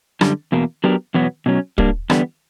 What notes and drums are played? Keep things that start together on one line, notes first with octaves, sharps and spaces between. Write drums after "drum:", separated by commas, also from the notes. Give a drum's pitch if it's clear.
F#2 D3 G3, drum: rim click
E2 B2 A#3
F#3 B3 D4 G4 A#4
E2 B2 F#3 B3
B2 F#3 C#4
G3 A#3 D4, drum: kick
E2 D3 G3 B3, drum: rim click